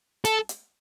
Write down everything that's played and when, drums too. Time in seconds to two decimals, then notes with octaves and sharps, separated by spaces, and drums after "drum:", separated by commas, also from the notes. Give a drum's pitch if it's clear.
0.25 A4, drum: hi-hat
0.49 drum: hi-hat